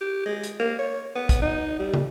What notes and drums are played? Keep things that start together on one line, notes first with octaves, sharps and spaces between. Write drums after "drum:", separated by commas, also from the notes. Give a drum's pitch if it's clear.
G4
G#3
drum: hi-hat
A#3
C#5
B3
drum: kick, hi-hat
D#4
G3
drum: tom